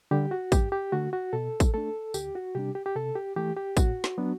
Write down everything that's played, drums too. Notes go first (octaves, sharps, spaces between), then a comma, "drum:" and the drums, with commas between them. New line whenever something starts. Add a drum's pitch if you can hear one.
D3 G3 G4
F#4
G2 G4, drum: kick, tambourine
G4
D3 A3 F#4
F#4
B2 A4
drum: kick, tambourine
A3 D4 A4
D2 G4, drum: tambourine
F#4
C3 G3 D4 G4
G4
G4
C3 A4
G4
E3 A3 G4
G4
A2 F#4, drum: kick, tambourine
drum: snare
F#3 B3 D4